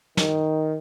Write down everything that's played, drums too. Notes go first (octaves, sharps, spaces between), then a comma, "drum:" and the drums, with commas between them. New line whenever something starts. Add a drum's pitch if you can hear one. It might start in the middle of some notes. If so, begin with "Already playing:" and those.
D#3, drum: snare